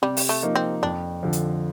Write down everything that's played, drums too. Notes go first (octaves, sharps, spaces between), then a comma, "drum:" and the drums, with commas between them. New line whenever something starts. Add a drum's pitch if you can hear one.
C3 G3
drum: open hi-hat
A3
F3 A#3 D#4
C4
F2 D4
D3 F3
drum: hi-hat